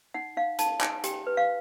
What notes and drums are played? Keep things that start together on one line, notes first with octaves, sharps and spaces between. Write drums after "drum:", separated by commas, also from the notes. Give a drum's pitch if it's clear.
D#4 F#5
D#4 F5
D#4 A5, drum: hi-hat
D#4 G#5, drum: clap
G4 G5, drum: hi-hat
B4
F5